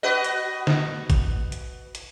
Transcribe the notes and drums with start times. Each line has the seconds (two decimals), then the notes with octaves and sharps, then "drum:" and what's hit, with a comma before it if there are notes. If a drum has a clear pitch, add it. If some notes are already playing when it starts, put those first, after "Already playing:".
0.03 F#4 B4 D#5
0.24 drum: hi-hat
0.67 drum: snare
1.10 drum: kick, hi-hat
1.52 drum: hi-hat
1.95 drum: hi-hat